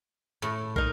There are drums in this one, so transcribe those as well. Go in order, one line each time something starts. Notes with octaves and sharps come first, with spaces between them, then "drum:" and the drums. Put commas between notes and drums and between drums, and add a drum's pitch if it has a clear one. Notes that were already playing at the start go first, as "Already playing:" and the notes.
A2
D#4 A#4, drum: kick